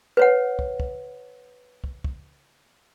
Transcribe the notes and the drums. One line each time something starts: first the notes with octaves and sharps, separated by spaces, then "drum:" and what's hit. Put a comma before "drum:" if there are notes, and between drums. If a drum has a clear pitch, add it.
B4 C#5 F#5
drum: kick
drum: kick
drum: kick
drum: kick